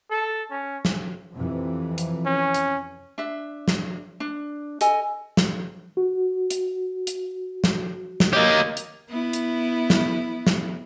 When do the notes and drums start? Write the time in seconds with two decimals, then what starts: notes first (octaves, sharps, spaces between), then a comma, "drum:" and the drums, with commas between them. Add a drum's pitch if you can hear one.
0.11 A4
0.51 C#4
0.85 drum: snare
1.34 F2 C3 E3
1.98 drum: hi-hat
2.26 C#4
2.54 drum: hi-hat
3.18 D4 E5
3.68 drum: snare
4.20 D4
4.81 A4 D#5 G#5, drum: hi-hat
5.37 drum: snare
5.97 F#4
6.50 drum: hi-hat
7.07 drum: hi-hat
7.64 drum: snare
8.20 drum: snare
8.33 A#3 G4 C#5 D#5
8.77 drum: hi-hat
9.09 B3 E4
9.33 drum: hi-hat
9.90 drum: snare
10.47 drum: snare